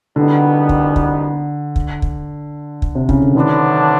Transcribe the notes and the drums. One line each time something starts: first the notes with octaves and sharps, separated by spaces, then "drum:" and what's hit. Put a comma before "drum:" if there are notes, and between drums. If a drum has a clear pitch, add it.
C2 B2 D3 G3 B3 D#4
drum: kick
drum: kick
drum: kick
drum: kick
drum: kick
C3
C#3, drum: kick
D3
D2 D3 D#3 F#3 B3 D4